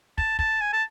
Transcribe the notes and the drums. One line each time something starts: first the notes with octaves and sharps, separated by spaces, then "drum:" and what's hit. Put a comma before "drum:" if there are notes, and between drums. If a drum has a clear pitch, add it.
A5, drum: kick
A5, drum: kick
G#5
A5